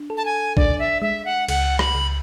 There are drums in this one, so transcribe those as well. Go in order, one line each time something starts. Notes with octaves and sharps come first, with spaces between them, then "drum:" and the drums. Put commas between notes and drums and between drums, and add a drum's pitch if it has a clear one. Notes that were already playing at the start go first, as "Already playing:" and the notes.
Already playing: D4
A4
A5
G#5
D4 D5, drum: kick A1
E5
G#3 E5
F#5
C#2 F#5, drum: cymbal
B5, drum: rim click
C#2